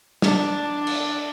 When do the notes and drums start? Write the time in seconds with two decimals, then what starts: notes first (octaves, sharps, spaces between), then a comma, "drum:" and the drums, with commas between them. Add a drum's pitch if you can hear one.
0.22 D4, drum: snare
0.87 drum: cymbal